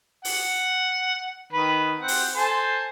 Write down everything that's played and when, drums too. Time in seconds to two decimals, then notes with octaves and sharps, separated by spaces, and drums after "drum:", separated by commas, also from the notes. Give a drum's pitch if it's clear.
0.25 F#5, drum: open hi-hat
1.53 D#3 B4
1.99 C4 F#5
2.08 drum: open hi-hat
2.36 A4 C5 G#5